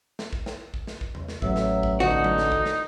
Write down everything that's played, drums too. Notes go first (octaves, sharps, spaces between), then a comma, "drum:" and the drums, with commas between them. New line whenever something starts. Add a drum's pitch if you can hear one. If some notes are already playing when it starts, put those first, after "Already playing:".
drum: snare
drum: kick
drum: snare
drum: kick
drum: snare
drum: kick
drum: tom E2
drum: snare
A1 F#3 E5, drum: kick
drum: snare
drum: kick
D2 D3 D#4 F#4
drum: kick
drum: tom F#3
drum: snare
drum: kick
drum: snare